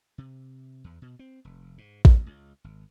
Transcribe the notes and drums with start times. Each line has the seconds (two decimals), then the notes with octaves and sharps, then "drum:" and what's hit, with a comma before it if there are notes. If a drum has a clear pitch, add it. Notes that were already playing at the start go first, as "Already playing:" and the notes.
0.18 C3
0.84 E2
1.02 B2
1.19 C4
1.45 F1
1.78 G#2
2.05 B1, drum: kick A1
2.26 C#2
2.64 G#1